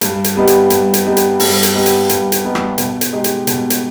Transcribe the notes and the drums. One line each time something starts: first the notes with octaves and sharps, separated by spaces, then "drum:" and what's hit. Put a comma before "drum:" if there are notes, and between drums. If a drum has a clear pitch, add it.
G2, drum: hi-hat
drum: hi-hat
G3 B3 D#4 G4
drum: hi-hat
G2, drum: hi-hat
drum: hi-hat
G3 B3 D#4 G4
drum: hi-hat
G2, drum: open hi-hat
drum: hi-hat
G3 B3 D#4 G4
drum: hi-hat
G2, drum: hi-hat
drum: hi-hat
G3 B3 D#4 G4
drum: rim click
B2, drum: hi-hat
drum: hi-hat
G#3 D#4 G4
drum: hi-hat
B2, drum: hi-hat
drum: hi-hat